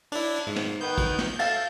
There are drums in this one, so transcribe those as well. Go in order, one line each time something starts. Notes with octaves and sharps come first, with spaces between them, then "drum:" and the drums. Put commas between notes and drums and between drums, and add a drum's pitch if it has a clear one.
D4 E4, drum: cymbal
drum: cymbal
G#2
drum: snare
D#3 B3 B4 G6
drum: kick, cymbal
drum: snare
A4 E5 F5 A6, drum: cymbal